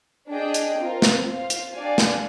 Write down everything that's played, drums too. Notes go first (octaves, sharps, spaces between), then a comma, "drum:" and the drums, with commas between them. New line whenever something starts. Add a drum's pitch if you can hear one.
D4 G#4 D#5 G5
drum: hi-hat
C4 F4 A#4
drum: snare
F4 C5 F5
drum: hi-hat
D4 G4 D5 F5 G#5
drum: snare